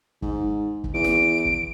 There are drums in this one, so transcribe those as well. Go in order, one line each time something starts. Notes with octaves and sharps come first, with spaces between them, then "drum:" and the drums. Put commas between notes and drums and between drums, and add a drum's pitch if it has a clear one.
G#2, drum: kick
drum: kick
E2 D7
drum: snare
drum: kick